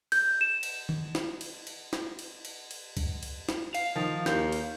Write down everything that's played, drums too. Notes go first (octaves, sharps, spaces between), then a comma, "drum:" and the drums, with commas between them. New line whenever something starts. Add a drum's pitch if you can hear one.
G6, drum: cymbal
E7
drum: cymbal
drum: tom D#3
drum: snare
drum: cymbal
drum: cymbal
drum: snare
drum: cymbal
drum: cymbal
drum: cymbal
drum: kick, cymbal
drum: cymbal
drum: snare
F5, drum: cymbal
D#3 F3
D#2 G6, drum: snare
drum: cymbal